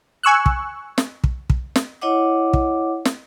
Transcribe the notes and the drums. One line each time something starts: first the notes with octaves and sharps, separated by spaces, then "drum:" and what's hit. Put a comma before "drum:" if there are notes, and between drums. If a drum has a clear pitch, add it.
G#5 C#6 E6 F#6
drum: kick
drum: snare
drum: kick
drum: kick
drum: snare
E4 C#5 D#5 F#5 D6
drum: kick
drum: snare